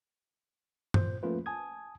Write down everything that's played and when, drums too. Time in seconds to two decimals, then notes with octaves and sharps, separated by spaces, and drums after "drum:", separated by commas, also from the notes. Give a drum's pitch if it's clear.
0.94 A#2 C5 G6, drum: tom
1.23 F3 A3 A#3 C#4 F4 B4
1.46 G#5 A5 D#6 G#6